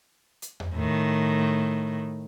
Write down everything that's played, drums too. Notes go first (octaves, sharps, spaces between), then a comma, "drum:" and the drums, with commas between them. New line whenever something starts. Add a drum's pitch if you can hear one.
drum: hi-hat
drum: tom E2
A2 D#3